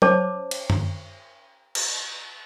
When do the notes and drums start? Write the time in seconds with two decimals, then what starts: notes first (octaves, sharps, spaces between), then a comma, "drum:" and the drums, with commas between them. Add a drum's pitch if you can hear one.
0.02 C#4 C5 C#5 A5 D6, drum: tom F#3
0.51 drum: cymbal
0.70 drum: tom F#2
1.75 drum: cymbal